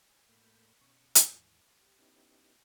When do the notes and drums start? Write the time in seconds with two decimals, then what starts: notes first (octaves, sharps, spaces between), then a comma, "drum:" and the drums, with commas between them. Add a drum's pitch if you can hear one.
0.09 G#5
0.28 A2 A3 A#3 B5 G6
0.81 B2 C#4 C#6
1.15 drum: hi-hat
1.25 D#2 G#2 E3
1.80 G4
1.99 B3 C#4 D#4 E4 G4